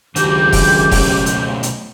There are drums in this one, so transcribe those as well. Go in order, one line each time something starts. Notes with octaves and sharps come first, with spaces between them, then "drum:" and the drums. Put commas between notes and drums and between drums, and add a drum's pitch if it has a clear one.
C#2 F#2 D#3 D4 F#4 G4 D6 G6, drum: hi-hat
drum: kick E1, open hi-hat
B2 A3 C#4, drum: kick E1, open hi-hat
drum: hi-hat
drum: hi-hat